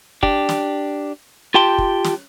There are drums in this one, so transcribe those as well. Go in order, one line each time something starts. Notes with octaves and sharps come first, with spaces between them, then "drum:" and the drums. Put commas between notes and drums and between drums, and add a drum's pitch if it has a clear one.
D4 G4, drum: kick
drum: snare
F4 G4 G5 A5 C6
drum: kick
drum: snare